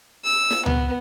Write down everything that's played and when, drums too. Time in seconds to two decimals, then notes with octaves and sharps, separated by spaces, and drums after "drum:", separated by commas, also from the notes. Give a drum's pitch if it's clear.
0.24 E6
0.51 drum: snare
0.66 B3, drum: tom C#2